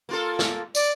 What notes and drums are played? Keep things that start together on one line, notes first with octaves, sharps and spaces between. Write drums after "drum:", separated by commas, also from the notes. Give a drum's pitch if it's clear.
A#3 F4 A4
drum: snare
D5, drum: tambourine